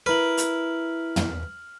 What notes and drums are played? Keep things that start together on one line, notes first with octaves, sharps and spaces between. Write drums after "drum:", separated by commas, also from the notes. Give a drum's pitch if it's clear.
E4 A#4 B4 F6 F#7
drum: hi-hat
drum: tom